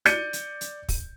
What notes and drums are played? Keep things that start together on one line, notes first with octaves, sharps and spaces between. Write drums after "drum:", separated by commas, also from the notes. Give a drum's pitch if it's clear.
D5 G6 C#7 D#7, drum: hi-hat
drum: hi-hat
drum: hi-hat
drum: kick, open hi-hat